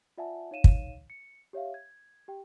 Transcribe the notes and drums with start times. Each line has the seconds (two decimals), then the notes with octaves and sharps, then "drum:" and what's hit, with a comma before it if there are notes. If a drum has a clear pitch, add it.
0.18 F4 D5 E5 F#5 G#5 A5
0.51 D#4 C#5 F5 D#7 E7
0.64 drum: kick
1.10 C#7
1.53 G4 C#5 E5 F5
1.74 G#6
2.28 G4 G5